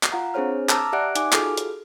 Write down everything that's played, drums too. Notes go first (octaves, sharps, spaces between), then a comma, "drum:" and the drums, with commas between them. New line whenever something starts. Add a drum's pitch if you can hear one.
drum: clap
F4 F5 F#5 A#5
C4 D4 G#4 C5 C#5 F6
A5 A#5 D6 E6 F6 A#6, drum: clap
G4 D5 E5 F#5 F#6 D7
D#4 G#5 D6, drum: hi-hat
F4 F#4 G#4 A4 F6, drum: clap
drum: hi-hat